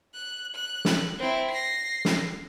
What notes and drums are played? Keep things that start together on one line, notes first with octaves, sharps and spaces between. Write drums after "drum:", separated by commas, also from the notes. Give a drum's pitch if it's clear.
F#6
F#6
drum: snare
C4 E4
A#6 C7
drum: snare